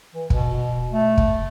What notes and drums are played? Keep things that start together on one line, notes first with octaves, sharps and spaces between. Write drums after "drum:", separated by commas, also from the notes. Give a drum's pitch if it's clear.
E3
B2, drum: kick
B2
A3
drum: kick